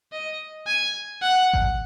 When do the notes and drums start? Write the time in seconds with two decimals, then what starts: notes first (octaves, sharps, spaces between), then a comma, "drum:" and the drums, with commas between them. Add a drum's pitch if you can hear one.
0.12 D#5
0.67 G#5
1.22 F#5
1.53 drum: kick G#1